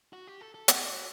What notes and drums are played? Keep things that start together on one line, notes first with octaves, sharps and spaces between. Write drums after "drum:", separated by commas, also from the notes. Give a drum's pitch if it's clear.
F#4
G4
A4
A4
G4, drum: hi-hat
F#4